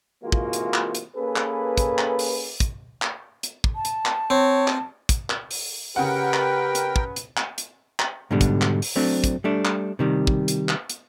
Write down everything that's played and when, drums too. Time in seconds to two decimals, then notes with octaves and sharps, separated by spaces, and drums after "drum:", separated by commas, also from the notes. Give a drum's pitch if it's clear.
0.23 C3 E3 G#3 A#3 F4 F#4
0.32 drum: kick
0.53 drum: hi-hat
0.74 drum: clap
0.95 drum: hi-hat
1.15 A#3 C#4 G#4 A4 B4
1.36 drum: clap
1.77 drum: kick, hi-hat
1.98 drum: clap
2.19 drum: open hi-hat
2.60 drum: kick, hi-hat
3.02 drum: clap
3.43 drum: hi-hat
3.64 drum: kick
3.75 A5
3.85 drum: hi-hat
4.05 drum: clap
4.30 C4 C#5
4.68 drum: clap
5.09 drum: kick, hi-hat
5.30 drum: clap
5.51 drum: open hi-hat
5.96 C#3 G4 A#4 B4 F#5 G5
6.33 drum: clap
6.75 drum: hi-hat
6.96 drum: kick
7.16 drum: hi-hat
7.37 drum: clap
7.58 drum: hi-hat
7.99 drum: clap
8.31 G#2 B2 D3 G3
8.41 drum: kick, hi-hat
8.61 drum: clap
8.82 drum: open hi-hat
8.96 F#3 A3 C4 D4
9.24 drum: kick, hi-hat
9.44 G3 A3 D4
9.65 drum: clap
9.99 C3 D#3 G3
10.27 drum: kick
10.48 drum: hi-hat
10.69 drum: clap
10.89 drum: hi-hat